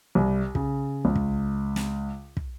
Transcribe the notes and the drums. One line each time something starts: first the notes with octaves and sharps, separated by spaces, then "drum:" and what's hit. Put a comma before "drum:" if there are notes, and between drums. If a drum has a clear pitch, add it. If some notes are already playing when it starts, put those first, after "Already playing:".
C2
C#3, drum: kick
C#2
drum: kick
drum: snare
drum: kick